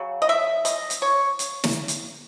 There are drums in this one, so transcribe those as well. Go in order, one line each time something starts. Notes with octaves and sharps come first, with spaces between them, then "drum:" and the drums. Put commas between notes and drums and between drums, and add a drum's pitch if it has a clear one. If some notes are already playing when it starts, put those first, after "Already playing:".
Already playing: C#3 F#3
D#5
E5
D#5, drum: hi-hat
drum: hi-hat
C#5
drum: hi-hat
drum: snare
drum: hi-hat